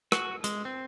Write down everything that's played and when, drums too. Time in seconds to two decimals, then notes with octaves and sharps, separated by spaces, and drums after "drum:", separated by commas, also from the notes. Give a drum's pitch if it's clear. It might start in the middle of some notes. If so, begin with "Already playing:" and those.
0.12 F#4, drum: rim click
0.44 G#3, drum: hi-hat
0.65 C4